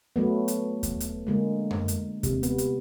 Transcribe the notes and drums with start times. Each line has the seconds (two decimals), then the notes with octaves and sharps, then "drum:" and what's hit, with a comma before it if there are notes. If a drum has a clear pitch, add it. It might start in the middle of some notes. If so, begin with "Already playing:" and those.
0.16 F#3 A3 B3
0.48 drum: hi-hat
0.83 drum: kick D#2, hi-hat
1.00 drum: hi-hat
1.27 D3 G#3 A#3
1.71 drum: tom F#2
1.88 drum: hi-hat
2.23 C3, drum: kick D#2, hi-hat
2.43 B3, drum: hi-hat
2.58 drum: hi-hat